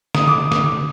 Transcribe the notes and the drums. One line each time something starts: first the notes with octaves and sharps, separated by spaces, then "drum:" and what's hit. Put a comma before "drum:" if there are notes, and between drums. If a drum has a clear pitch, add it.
D#6, drum: snare
D6
drum: snare